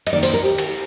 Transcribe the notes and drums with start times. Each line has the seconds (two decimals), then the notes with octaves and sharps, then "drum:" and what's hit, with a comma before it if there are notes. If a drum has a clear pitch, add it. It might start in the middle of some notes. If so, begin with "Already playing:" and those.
0.07 D#5, drum: cymbal
0.12 D#3 A#3 D#4 D5
0.23 C5, drum: open hi-hat
0.34 A#4
0.43 G4
0.58 drum: cymbal